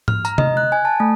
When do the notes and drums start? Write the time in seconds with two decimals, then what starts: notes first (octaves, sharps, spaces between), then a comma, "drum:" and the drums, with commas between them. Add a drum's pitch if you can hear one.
0.08 F6, drum: tom G#2
0.25 A#5, drum: tambourine
0.38 D#5, drum: tom C3
0.57 F#6
0.72 G#5
0.85 A5
1.00 A3